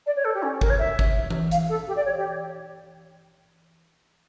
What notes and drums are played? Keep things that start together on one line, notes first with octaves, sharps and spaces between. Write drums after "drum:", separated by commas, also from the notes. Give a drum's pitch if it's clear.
D5
C#5
A4
G4
C#4
A#4, drum: kick G#1
C#5
E5
drum: kick G#1
drum: tom E3
F5, drum: hi-hat
A4
G4
D5
C#5
G4